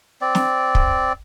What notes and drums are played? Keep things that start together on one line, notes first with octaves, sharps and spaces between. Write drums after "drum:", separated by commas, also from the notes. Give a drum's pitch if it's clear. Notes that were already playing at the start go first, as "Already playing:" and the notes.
C4 D5
drum: snare
drum: kick